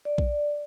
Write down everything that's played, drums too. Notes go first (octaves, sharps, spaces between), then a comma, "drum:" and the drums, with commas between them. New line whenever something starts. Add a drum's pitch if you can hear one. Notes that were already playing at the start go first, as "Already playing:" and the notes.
D5
drum: kick A#1